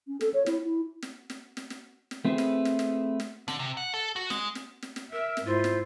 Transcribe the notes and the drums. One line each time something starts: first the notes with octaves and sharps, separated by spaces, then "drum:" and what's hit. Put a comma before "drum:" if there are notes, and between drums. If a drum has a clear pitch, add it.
C#4
A4, drum: snare
C#5
E4, drum: snare
E4
drum: snare
drum: snare
drum: snare
drum: snare
drum: snare
A3 C4 E4 G#4 B4
drum: snare
drum: snare
drum: snare
drum: snare
D3, drum: snare
C3
F#5
A4
F#4
G#3, drum: snare
drum: snare
drum: snare
drum: snare
A#4 E5 E6
drum: snare
G#2 E4 F4 C5
drum: snare